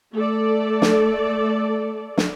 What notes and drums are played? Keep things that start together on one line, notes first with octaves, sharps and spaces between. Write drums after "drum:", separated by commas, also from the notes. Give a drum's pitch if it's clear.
A3 A4 D5
drum: snare
drum: snare